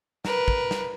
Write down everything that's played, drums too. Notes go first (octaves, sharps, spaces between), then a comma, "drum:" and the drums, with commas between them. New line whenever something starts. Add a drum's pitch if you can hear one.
A#4 B4, drum: snare
drum: kick
drum: snare